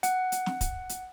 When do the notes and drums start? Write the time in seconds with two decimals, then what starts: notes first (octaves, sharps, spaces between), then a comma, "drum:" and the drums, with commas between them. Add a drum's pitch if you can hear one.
0.03 F#5, drum: hi-hat
0.32 drum: hi-hat
0.46 drum: snare
0.61 drum: kick, hi-hat
0.89 drum: hi-hat